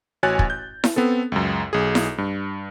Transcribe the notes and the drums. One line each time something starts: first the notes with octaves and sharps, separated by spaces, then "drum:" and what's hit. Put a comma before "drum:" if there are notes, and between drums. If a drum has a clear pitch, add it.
A1 F#4 C#5 G#5 F#6 A6
drum: kick
G6
drum: snare E4
B3 C4 A4
C#2 F#2
B1 G#4
drum: snare E4
G2